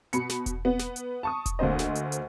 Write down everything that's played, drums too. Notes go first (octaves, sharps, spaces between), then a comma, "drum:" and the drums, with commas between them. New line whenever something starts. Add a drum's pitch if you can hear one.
B2 B5 C#7, drum: hi-hat
drum: snare
drum: kick E1, hi-hat
B3
drum: snare
drum: hi-hat
A5 C#6 D#6
drum: kick E1, hi-hat
D2 A#3 D4 C5 D#5
drum: snare
drum: hi-hat
drum: hi-hat